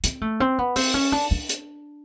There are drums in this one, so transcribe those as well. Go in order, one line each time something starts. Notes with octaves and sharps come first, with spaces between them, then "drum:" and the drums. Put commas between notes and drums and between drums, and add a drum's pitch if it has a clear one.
C4, drum: hi-hat
A3
C4
B3
C4, drum: open hi-hat
C#4
D4
D4
drum: hi-hat